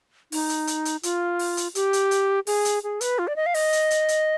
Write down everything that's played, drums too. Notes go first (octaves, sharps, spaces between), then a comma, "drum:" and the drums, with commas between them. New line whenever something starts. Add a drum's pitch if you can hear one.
D#4, drum: open hi-hat
drum: hi-hat
drum: hi-hat
drum: hi-hat
F4, drum: hi-hat
drum: open hi-hat
drum: hi-hat
G4, drum: hi-hat
drum: hi-hat
drum: hi-hat
G#4, drum: open hi-hat
drum: hi-hat
G#4
B4, drum: hi-hat
F4
D5
D#5
F5
D#5, drum: open hi-hat
drum: hi-hat
drum: hi-hat
drum: hi-hat